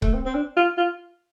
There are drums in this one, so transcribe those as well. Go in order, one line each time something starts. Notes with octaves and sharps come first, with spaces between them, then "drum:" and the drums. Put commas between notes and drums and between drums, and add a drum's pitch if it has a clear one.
A3, drum: kick C#1
C4
C4
D4
F4
F4